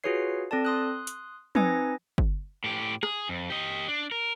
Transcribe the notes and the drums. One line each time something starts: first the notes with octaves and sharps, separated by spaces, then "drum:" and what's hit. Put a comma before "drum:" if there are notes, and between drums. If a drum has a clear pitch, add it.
F4 F#4 G#4 B4 C#5 C7
C4 A4 D5 A5
C6 D#6 F#6
drum: hi-hat
C4 D#4 B4 G#5 D#6 A#6, drum: tom F3
drum: kick
A2 G4
G#4, drum: rim click
F2
G4 D#5
D4
A#4